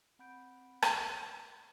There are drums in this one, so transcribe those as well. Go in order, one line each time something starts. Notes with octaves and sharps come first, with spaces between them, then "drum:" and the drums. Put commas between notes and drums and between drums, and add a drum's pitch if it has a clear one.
C4 F#5 B5 G6 D7
drum: rim click